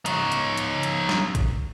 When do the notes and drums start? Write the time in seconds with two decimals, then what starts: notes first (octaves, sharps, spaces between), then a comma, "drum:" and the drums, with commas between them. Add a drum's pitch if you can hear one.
0.06 D#4 C#5, drum: hi-hat
0.32 drum: hi-hat
0.57 drum: hi-hat
0.83 drum: hi-hat
1.09 drum: snare
1.35 drum: kick A1, hi-hat